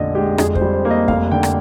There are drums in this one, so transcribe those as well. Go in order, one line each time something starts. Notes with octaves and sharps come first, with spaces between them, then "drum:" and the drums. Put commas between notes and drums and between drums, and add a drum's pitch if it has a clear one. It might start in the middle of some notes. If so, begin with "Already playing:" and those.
Already playing: F1 A#1 D3 D#5
G#3 G4
F2 G#4, drum: rim click
C5, drum: kick
G3
C5
A#3
D#5
F1 F5, drum: kick
D3 G5
drum: rim click